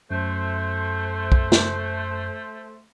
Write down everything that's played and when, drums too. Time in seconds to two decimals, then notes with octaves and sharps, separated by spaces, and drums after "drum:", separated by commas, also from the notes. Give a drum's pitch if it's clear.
0.11 F#2 A3 C5
1.32 drum: kick B1
1.52 drum: snare